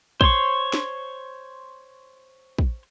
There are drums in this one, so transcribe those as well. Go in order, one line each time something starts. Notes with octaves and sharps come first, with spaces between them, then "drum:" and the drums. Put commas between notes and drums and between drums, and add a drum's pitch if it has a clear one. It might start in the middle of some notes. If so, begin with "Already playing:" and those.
C5 C#5 C6 C#6, drum: kick
drum: snare
drum: kick